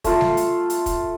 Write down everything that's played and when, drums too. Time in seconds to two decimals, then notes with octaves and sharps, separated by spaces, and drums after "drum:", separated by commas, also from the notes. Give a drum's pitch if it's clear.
0.04 A3 F4 A4, drum: kick, hi-hat
0.21 drum: snare
0.37 drum: hi-hat
0.70 drum: hi-hat
0.86 drum: kick, hi-hat